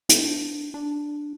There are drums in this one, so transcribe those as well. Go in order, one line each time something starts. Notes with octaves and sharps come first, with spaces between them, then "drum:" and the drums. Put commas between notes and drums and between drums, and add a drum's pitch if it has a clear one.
B3, drum: hi-hat
D4
D4